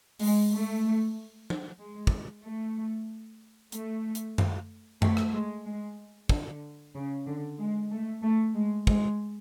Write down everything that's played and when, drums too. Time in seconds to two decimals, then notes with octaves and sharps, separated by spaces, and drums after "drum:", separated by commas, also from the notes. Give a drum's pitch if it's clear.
0.19 G#3, drum: open hi-hat
0.52 A3
1.50 drum: tom
1.80 G#3
2.07 drum: kick
2.44 A3
3.72 A3, drum: hi-hat
4.15 drum: hi-hat
4.38 drum: tom F#2
5.02 A3, drum: tom F#2
5.17 drum: rim click
5.34 G#3
5.65 G#3
6.29 D3, drum: kick
6.94 C#3
7.26 D3
7.58 G#3
7.91 A3
8.22 A3
8.54 G#3
8.87 G#3, drum: kick